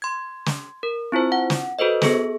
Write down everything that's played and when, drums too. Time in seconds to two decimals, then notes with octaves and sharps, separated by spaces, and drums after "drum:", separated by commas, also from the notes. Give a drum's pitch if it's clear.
0.02 C6 G#6
0.46 drum: snare
0.83 A#4
1.12 C4 E4 F4 C5
1.32 F#5
1.50 drum: snare
1.79 F#4 A4 B4 C5 D#5
2.02 B3 G#4 A4, drum: snare